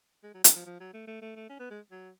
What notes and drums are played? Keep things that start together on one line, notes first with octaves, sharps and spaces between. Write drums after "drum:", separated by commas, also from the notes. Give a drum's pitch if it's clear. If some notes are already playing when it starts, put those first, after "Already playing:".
G#3
F#3
D3, drum: hi-hat
F3
F3
F#3
A3
A3
A3
A3
C#4
B3
G#3
F#3